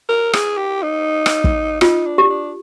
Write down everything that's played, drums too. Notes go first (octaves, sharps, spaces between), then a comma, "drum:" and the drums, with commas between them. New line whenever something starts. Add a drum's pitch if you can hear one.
A#4
G#4, drum: rim click
G4
D#4
drum: rim click
drum: kick
D#4 F4, drum: rim click
D4
G4
D4